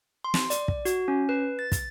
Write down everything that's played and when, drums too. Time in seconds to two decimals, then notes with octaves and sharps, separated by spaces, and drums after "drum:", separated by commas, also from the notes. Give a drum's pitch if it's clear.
0.24 C6
0.34 drum: snare
0.50 D5, drum: hi-hat
0.68 drum: kick
0.85 F#4, drum: hi-hat
1.08 C#4
1.29 B4
1.59 A6
1.72 drum: kick, hi-hat